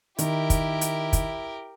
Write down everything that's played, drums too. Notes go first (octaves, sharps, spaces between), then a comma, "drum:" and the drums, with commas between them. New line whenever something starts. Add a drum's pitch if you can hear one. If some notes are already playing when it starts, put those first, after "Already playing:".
D#3 E4 G4 A#4, drum: hi-hat
drum: kick, hi-hat
drum: hi-hat
drum: kick, hi-hat